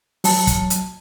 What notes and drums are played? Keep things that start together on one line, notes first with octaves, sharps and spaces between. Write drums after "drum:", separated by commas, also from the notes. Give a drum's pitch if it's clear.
F#3 A5, drum: open hi-hat
drum: kick, hi-hat
drum: hi-hat